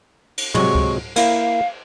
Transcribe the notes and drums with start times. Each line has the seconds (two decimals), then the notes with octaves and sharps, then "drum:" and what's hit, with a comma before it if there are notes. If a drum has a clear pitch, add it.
0.38 drum: cymbal
0.54 C3 F#3 G#3 C#6, drum: tom
0.75 drum: kick C#2
1.16 A#3 E4 F5, drum: cymbal